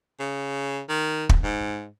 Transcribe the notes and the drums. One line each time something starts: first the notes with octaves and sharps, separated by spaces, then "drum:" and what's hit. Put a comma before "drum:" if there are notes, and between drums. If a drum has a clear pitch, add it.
C#3
D#3
drum: kick
G#2